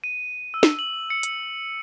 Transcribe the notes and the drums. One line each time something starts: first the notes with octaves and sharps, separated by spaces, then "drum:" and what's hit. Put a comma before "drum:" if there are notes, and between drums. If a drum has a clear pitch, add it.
D#7
E6
drum: snare
F#7
C#7
drum: hi-hat